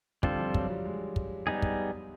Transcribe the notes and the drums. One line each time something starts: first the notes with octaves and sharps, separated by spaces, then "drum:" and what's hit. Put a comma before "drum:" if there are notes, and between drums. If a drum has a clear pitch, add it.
D3 G3 C4 F4 A4, drum: kick
F3
F#3, drum: kick
G3
G#3
drum: kick
G3 B3 D#4 G#4
drum: kick